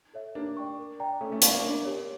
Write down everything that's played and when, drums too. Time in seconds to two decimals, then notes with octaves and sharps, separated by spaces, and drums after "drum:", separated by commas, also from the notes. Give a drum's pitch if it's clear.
0.14 A4 C#5 E5
0.35 A#3 D4 G4
0.57 D5 G5 C#6
0.78 A#4
1.00 D5 G5 A#5
1.21 A3 C#4 A4
1.32 A3 C#4
1.42 A#3 D5 F5 C#6, drum: hi-hat
1.53 A#3
1.64 A#3 D4
1.85 G4 A#4 C#5